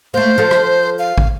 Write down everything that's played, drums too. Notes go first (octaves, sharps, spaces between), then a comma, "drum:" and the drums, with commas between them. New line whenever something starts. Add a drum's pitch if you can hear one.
A3 A#3 C5
F3 A4
drum: rim click
F5
drum: kick